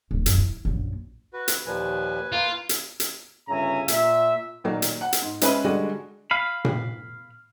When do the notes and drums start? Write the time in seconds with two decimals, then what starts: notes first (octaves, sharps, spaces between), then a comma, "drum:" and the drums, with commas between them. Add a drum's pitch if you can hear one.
0.11 D1
0.26 F#2, drum: hi-hat
0.38 E4
0.65 A#1 F#2
1.33 F#4 B4
1.48 drum: hi-hat
1.66 D#2 A#2 F3 B4 G#5
2.32 A#3 F4
2.69 drum: hi-hat
3.00 drum: hi-hat
3.48 G1 C#3 E5 G#5 A#5
3.88 A#2 E5, drum: hi-hat
4.64 A#2 D#3 F#3 A#3
4.82 drum: hi-hat
5.01 F#5
5.13 drum: hi-hat
5.22 G#2
5.41 G#3 C#4 G#4 B4 E5, drum: hi-hat
5.64 D3 G3 G#3 F#4 G#4
6.31 F5 B5
6.65 drum: tom A#2